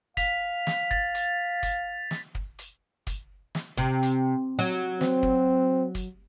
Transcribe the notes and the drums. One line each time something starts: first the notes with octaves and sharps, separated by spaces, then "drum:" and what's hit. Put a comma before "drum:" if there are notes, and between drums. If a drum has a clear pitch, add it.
F5 B6 F7, drum: kick, hi-hat
drum: snare
A6, drum: kick
drum: hi-hat
drum: kick, hi-hat
drum: snare
drum: kick
drum: hi-hat
drum: kick, hi-hat
drum: snare
C3, drum: kick
drum: hi-hat
F#3
C4, drum: snare
drum: kick
drum: kick, hi-hat